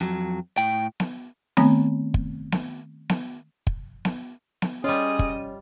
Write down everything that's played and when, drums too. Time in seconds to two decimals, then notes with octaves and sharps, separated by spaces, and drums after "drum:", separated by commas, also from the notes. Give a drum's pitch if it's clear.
0.01 F2 F#3
0.58 A2 G5
1.00 drum: snare B3
1.57 D#3 A3 B3 C4, drum: snare B3
2.14 drum: kick
2.52 drum: snare B3
3.09 drum: snare B3
3.67 drum: kick
4.05 drum: snare B3
4.62 drum: snare B3
4.84 G3 C#4 F4 G#4 D#5 D#7
5.19 drum: kick